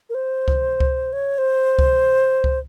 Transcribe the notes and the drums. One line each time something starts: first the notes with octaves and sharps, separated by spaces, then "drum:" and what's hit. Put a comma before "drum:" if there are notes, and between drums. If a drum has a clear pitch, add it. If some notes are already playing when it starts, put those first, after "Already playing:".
A#4
C5
drum: kick C#2
drum: kick C#2
C#5
C5
drum: kick C#2
drum: kick C#2